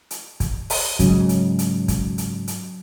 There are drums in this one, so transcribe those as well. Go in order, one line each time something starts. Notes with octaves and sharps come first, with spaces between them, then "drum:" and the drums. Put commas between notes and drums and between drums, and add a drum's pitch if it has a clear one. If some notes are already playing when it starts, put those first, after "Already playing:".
drum: hi-hat
drum: kick, hi-hat
drum: open hi-hat
G#2 C#3 F#3, drum: kick, hi-hat
drum: hi-hat
drum: hi-hat
drum: kick, hi-hat
drum: hi-hat
drum: hi-hat